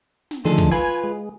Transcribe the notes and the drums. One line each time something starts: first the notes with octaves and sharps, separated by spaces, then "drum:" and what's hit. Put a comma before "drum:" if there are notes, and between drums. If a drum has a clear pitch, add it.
drum: snare
D3 D#3 F3 A3 G#4 A4
drum: kick
F4 B4 G#5
G#3